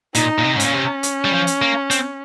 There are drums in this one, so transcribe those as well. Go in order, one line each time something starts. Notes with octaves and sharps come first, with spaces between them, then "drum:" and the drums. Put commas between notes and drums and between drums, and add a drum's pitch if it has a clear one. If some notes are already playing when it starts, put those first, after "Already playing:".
A#2 D#4, drum: hi-hat
A#2
C3
G#2
A#2 C#4, drum: hi-hat
C3
drum: hi-hat
G3
F3
drum: hi-hat
A#3
C4, drum: hi-hat